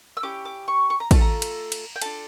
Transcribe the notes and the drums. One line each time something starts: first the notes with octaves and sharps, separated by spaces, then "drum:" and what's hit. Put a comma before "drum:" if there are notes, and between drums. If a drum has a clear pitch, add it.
E6
C#4 E4 G4 D6
D6
C#6
C#6
A#5
A3 D4 F4 A4 A5, drum: kick, cymbal
A#5
drum: cymbal
drum: cymbal
G5
D4 F4 A4 A5, drum: cymbal